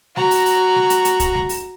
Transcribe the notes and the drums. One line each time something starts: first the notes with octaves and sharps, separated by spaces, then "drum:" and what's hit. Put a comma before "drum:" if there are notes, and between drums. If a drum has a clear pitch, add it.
F#4 A#5, drum: snare
drum: open hi-hat
drum: open hi-hat
drum: snare
drum: hi-hat
drum: hi-hat
drum: kick, hi-hat
drum: snare
drum: open hi-hat